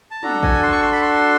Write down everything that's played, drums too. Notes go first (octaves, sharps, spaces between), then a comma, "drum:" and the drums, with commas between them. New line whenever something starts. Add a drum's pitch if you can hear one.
A5
D4 F#4 A4 A#5, drum: tom
G#5, drum: kick
C6
C#6
C6
B5
C6